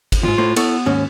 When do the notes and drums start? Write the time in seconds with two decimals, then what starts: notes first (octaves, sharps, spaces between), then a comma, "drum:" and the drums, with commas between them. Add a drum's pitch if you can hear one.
0.12 drum: kick, cymbal
0.23 D#2 G#2 F4
0.38 A2 A3 C5
0.56 B3 E4 A4 C#5, drum: cymbal
0.86 D#2 G#2 C#4